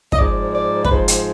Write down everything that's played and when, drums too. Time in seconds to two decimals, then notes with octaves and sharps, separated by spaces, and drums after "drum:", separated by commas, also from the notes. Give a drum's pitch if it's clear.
0.12 D#5, drum: kick
0.17 G#2 F3 D5
0.54 D5
0.85 B4, drum: kick
0.90 G#2 F3 C5
1.08 drum: hi-hat